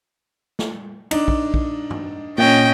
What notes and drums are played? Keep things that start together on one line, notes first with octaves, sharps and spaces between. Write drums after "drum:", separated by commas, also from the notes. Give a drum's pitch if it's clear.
drum: snare
D4 D#4, drum: cymbal
drum: kick
drum: kick
drum: tom G2
A#2 C#4 D#5 G5